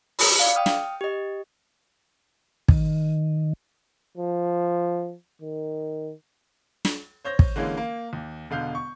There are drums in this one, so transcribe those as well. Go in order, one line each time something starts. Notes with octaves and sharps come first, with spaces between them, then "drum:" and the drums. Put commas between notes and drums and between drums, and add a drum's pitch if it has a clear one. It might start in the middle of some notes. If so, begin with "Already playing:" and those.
B5, drum: open hi-hat
D5 F5
G5 D#6 F6
drum: snare
G4 D#5
D#3, drum: kick
F3
D#3
drum: snare
C5 C#5 G6 A#6
drum: kick
D3 E3 G#3 A#3 C#4
A#3
D#2
E1 B2 D3 F5 G6
C#6